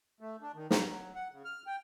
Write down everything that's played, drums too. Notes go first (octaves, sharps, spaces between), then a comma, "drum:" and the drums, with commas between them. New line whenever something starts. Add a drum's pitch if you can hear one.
A3
D4
D#3
A#5, drum: snare
F#3
F#5
C#3
F6
G5